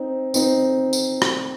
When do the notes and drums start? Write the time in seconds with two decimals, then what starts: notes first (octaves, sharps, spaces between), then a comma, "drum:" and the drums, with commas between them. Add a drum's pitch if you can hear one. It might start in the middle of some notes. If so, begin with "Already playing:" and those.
Already playing: C4 D#4
0.34 C4 D#4, drum: tambourine
0.93 drum: tambourine
1.22 drum: rim click